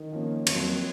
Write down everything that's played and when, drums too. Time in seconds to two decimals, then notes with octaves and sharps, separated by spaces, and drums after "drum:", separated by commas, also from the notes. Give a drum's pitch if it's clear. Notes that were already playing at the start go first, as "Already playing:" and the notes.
Already playing: D#3
0.12 F3 A#3 C#4
0.47 F2 F3 F#3 A#3, drum: cymbal